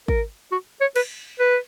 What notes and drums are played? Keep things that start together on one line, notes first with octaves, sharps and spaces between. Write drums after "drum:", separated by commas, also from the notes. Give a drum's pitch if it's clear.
A#4, drum: kick G#1
F#4
C#5
B4, drum: cymbal
B4